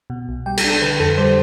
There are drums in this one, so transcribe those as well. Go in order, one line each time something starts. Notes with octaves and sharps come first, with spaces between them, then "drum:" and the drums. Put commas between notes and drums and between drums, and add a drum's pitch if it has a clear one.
B2
B1
G3 G5
A4, drum: cymbal
D4
A4
D3 B4
F2 A4
G3 C5